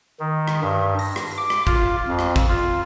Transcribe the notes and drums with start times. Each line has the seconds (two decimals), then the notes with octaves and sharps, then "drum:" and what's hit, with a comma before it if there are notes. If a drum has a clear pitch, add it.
0.20 D#3
0.48 drum: rim click
0.62 G2
0.99 A#6, drum: open hi-hat
1.16 drum: rim click
1.38 D6
1.50 drum: rim click
1.67 F4, drum: kick, hi-hat
2.08 F2
2.19 drum: rim click
2.36 drum: kick, hi-hat
2.49 F4